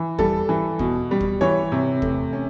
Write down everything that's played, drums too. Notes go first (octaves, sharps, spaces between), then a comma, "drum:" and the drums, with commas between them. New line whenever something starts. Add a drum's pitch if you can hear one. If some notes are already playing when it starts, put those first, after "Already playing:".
Already playing: E3
G3 A4, drum: kick
E3
B2, drum: kick
G3
drum: kick
E3 C#5
C3
A3, drum: kick
C#4